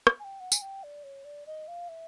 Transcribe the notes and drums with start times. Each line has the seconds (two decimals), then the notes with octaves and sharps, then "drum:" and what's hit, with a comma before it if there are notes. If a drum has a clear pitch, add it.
0.07 drum: rim click
0.20 G#5
0.24 G5
0.40 F#5
0.52 G#5, drum: tambourine
0.62 G5
0.83 D5
1.04 C#5
1.25 D5
1.46 D#5
1.68 F5
1.89 E5